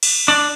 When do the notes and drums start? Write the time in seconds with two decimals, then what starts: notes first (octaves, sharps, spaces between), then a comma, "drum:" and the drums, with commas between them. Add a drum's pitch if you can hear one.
0.03 drum: cymbal
0.28 D4 D5